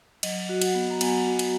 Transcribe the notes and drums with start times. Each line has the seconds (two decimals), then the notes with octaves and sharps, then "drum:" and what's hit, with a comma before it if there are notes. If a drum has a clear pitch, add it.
0.23 F#3 D#5, drum: cymbal
0.49 F#4
0.62 F#5, drum: cymbal
0.75 B3
0.90 A#5
1.01 B3 G#5, drum: cymbal
1.27 F#4
1.39 drum: cymbal